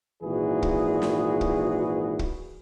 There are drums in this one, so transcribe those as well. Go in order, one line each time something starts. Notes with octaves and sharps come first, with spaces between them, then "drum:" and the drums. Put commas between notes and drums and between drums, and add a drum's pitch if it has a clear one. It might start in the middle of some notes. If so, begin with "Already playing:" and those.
G#1 A#2 E3 F#4 G#4 B4
drum: kick
drum: snare
drum: kick
drum: kick